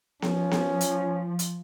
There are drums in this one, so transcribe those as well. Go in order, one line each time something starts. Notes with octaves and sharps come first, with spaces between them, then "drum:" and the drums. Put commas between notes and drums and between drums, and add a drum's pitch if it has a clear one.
F3 C#4, drum: snare B3
drum: snare B3
drum: hi-hat
drum: hi-hat